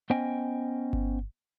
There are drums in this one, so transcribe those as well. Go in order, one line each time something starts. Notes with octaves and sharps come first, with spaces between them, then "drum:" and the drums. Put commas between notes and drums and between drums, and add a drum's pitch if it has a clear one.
B3 C#4 C5 D#5 G5 G#5
drum: kick G1